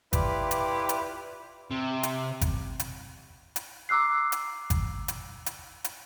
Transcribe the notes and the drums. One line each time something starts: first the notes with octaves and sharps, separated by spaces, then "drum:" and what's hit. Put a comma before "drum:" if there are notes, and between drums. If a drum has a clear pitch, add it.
E4 F4 G4 B4 D5, drum: kick G#1, hi-hat
drum: hi-hat
drum: hi-hat
C3
drum: hi-hat
drum: kick G#1, hi-hat
drum: hi-hat
drum: hi-hat
A#5 D6 E6 F#6 C7
drum: hi-hat
drum: kick G#1, hi-hat
drum: hi-hat
drum: hi-hat
drum: hi-hat